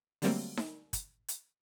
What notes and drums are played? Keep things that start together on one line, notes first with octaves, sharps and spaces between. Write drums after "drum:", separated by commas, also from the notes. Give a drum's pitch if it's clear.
D3 F#3 G3 A3 A#3 C4, drum: open hi-hat
drum: snare D#4
drum: kick, hi-hat
drum: hi-hat